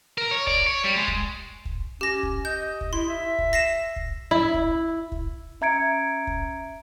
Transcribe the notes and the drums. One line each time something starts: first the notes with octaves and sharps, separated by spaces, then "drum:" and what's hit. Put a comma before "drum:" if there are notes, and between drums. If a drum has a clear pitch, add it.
A#4
C#5
D5, drum: kick
C#5
G3
G#3
drum: kick
drum: kick
C#4 G4 A#6
drum: kick
D#5 G6
drum: kick
E4 C6
E5
drum: kick
A#6 C7 E7
drum: kick
E4
drum: kick
drum: kick
C#4 E5 A#5 G#6 C#7 D7
drum: kick